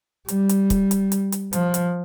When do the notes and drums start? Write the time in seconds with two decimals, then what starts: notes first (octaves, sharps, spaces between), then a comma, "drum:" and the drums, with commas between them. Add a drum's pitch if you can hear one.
0.28 G3, drum: hi-hat
0.49 drum: hi-hat
0.70 drum: kick, hi-hat
0.91 drum: hi-hat
1.12 drum: hi-hat
1.32 drum: hi-hat
1.53 F3, drum: hi-hat
1.74 drum: hi-hat